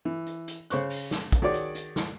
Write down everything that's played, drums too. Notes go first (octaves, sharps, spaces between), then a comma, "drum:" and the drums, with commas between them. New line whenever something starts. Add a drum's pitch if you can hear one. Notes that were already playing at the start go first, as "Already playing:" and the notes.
E3
drum: hi-hat
drum: hi-hat
C#3 C5 C#6 F#6, drum: hi-hat
drum: open hi-hat
drum: snare
drum: kick, hi-hat
D#3 F#4 G#4 C#5 D5 D6
drum: hi-hat
drum: hi-hat
drum: snare